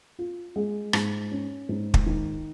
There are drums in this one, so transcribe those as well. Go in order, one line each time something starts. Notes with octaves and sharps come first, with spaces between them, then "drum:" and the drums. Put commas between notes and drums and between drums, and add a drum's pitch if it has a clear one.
F4
G#3
G#2, drum: rim click
C#4
G#2
drum: kick
D#3